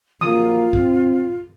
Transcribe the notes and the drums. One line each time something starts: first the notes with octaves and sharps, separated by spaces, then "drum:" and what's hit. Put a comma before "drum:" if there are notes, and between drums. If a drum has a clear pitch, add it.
A#1 F#3 A#3 F4 D#6, drum: tom E3
C4, drum: kick